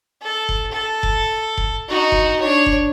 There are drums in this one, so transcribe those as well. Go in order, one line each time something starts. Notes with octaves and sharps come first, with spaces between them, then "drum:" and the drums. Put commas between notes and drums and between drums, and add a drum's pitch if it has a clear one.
A4
drum: kick F1
A4
drum: kick F1
drum: kick F1
D#4 F#4
drum: kick F1
D4 C#5
drum: kick F1